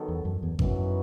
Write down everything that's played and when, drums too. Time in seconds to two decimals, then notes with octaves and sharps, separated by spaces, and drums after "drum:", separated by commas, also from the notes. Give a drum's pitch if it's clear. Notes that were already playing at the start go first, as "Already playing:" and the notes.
Already playing: D#3 F#3 B3 F#4 A4
0.08 E2
0.25 F#2
0.43 E2
0.59 F#2 E3 B3 D#4 F#4, drum: kick G#1